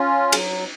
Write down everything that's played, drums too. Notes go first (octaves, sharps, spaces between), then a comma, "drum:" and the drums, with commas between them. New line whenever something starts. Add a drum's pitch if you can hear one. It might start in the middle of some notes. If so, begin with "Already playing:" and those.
Already playing: C#4 F4
F#3, drum: cymbal